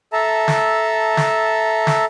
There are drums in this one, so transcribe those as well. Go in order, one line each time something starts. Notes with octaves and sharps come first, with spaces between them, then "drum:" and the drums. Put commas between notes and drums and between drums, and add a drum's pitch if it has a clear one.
A4 E5 A5 A#5
drum: snare
drum: snare
drum: snare